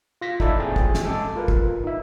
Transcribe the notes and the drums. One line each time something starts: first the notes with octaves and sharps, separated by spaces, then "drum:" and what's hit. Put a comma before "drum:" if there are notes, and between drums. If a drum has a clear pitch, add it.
F4 A#6 B6
D#4 E4 A4 D5, drum: kick
A#2 C4 G#4 G5 A6
drum: kick
drum: snare
G#3 A4 A5 D6
F4 A#4 B4
drum: kick
D#4 E5